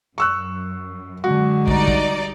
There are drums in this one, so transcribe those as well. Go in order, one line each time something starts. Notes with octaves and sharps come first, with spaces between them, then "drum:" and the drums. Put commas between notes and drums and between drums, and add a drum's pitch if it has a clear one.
F#2 C#6 E6 F#6
D3 G#3 F#4
G3 D#4 D5, drum: kick
drum: kick